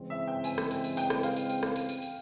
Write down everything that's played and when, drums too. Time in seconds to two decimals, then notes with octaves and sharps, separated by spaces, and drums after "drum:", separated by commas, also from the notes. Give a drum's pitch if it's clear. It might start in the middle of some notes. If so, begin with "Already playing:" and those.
Already playing: C#3 E3 G#3 C4
0.10 E5
0.28 G5
0.44 G#5, drum: tambourine
0.58 drum: rim click
0.71 drum: tambourine
0.84 drum: tambourine
0.97 G5, drum: tambourine
1.10 drum: rim click
1.23 F5, drum: tambourine
1.36 drum: tambourine
1.50 drum: tambourine
1.63 drum: rim click
1.76 drum: tambourine
1.89 drum: tambourine
2.02 drum: tambourine